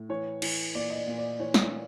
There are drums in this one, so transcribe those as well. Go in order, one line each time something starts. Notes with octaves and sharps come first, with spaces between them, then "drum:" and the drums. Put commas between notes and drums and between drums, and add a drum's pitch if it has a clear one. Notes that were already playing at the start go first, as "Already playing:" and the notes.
Already playing: A2
E3 C#5
E3, drum: cymbal
A#2 D5
D#5
D5
A#2
D5
E3 C#5
drum: snare